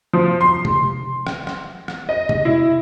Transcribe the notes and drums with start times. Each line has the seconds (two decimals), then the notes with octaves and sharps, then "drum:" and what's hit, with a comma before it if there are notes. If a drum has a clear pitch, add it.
0.13 F3
0.41 C6
0.65 drum: tom C3
1.27 drum: rim click
1.47 drum: rim click
1.88 drum: rim click
2.09 D#5
2.29 drum: tom C3
2.45 E4